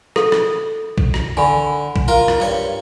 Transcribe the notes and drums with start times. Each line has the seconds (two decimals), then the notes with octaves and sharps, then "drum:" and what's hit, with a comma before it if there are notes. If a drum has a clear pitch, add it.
0.16 A4, drum: rim click
0.32 drum: rim click
0.98 drum: kick
1.14 drum: rim click
1.37 D3 G#5 B5
1.96 drum: kick
2.08 F4 A#4
2.28 drum: rim click
2.40 G2 C#5